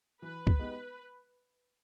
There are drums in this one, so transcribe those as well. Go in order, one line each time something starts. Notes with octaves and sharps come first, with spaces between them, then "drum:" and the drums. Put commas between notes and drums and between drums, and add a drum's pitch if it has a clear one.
E3 B4
drum: kick
G#3 B3 D#4 G4